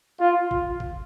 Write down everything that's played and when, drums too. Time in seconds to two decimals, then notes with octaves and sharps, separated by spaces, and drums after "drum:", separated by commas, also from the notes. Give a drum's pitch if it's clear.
0.20 F4
0.51 drum: kick
0.80 drum: kick